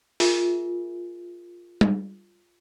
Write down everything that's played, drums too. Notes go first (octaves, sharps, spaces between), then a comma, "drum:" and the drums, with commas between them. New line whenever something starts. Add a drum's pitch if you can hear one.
F4 G#4 A#4 E5 G#5, drum: open hi-hat
drum: tom G3